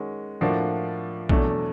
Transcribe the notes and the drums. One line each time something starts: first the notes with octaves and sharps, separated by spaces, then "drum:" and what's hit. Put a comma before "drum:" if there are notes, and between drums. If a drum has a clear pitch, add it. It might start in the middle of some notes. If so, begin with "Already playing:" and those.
Already playing: D#3 G#3 C#4 F#4
A2 F3 A#3 D4 F#4
E2 B2 F#3 A3 D4, drum: kick A#1